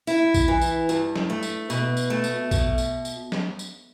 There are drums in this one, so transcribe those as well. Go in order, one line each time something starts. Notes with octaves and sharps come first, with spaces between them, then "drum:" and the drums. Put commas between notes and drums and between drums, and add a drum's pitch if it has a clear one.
E4, drum: tambourine
drum: kick A#1, tambourine
E3
drum: tambourine
G2, drum: tambourine
drum: snare
A3
drum: tambourine
B2, drum: tambourine
drum: tambourine
A3
drum: tambourine
B2, drum: kick A#1, tambourine
drum: tambourine
drum: tambourine
drum: snare
drum: tambourine